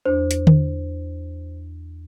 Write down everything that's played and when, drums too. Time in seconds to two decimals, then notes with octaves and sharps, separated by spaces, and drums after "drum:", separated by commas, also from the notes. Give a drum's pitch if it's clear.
0.06 E2 D4 C5
0.31 drum: hi-hat
0.47 drum: tom D3